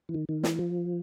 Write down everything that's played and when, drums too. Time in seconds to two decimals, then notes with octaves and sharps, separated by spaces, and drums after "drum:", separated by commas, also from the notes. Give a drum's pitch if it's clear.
0.09 E3
0.14 D#3
0.29 D#3
0.43 E3, drum: snare
0.59 F3